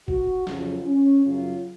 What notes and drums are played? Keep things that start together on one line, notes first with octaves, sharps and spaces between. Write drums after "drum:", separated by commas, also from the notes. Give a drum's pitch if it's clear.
F#4, drum: kick
F2 C#3 F#3 F4, drum: snare
C#4
F#2 C#3 F#3 F4